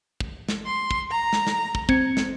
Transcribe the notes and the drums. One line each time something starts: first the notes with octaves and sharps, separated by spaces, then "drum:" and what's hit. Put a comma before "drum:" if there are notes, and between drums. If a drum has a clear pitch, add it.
drum: kick
drum: snare
C6
drum: kick
A#5
drum: snare
drum: snare
drum: kick
C4 G#6 C#7, drum: kick
drum: snare